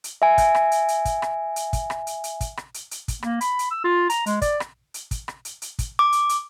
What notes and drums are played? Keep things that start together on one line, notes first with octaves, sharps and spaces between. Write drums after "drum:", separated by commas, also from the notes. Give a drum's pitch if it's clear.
drum: hi-hat
E5 G#5
drum: kick, hi-hat
drum: rim click
drum: hi-hat
drum: hi-hat
drum: kick, hi-hat
drum: rim click
drum: hi-hat
drum: kick, hi-hat
drum: rim click
drum: hi-hat
drum: hi-hat
drum: kick, hi-hat
drum: rim click
drum: hi-hat
drum: hi-hat
drum: kick, hi-hat
A#3, drum: rim click
B5, drum: hi-hat
drum: hi-hat
E6
F4
A#5, drum: hi-hat
G#3, drum: hi-hat
D5, drum: kick, hi-hat
drum: rim click
drum: hi-hat
drum: kick, hi-hat
drum: rim click
drum: hi-hat
drum: hi-hat
drum: kick, hi-hat
D6
drum: hi-hat
drum: hi-hat